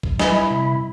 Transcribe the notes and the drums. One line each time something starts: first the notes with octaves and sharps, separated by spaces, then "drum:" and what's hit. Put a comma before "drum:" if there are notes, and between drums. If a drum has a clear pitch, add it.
drum: kick A#1
G3 E4 B4 D#5 G#5 B5, drum: snare
C3 B5